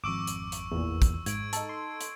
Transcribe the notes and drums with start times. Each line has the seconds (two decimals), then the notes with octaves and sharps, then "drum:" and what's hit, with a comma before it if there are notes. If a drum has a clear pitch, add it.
0.04 G#1 F2 C#6 D6 E6 E7
0.27 drum: hi-hat
0.52 drum: hi-hat
0.72 E2 A#2
1.02 drum: kick, hi-hat
1.26 G#2 G#6 D7, drum: hi-hat
1.53 D#4 A4, drum: hi-hat
1.69 C6
2.01 drum: hi-hat